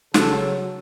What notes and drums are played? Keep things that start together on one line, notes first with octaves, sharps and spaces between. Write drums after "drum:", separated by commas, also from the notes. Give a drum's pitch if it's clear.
C#3 F#3 A4, drum: snare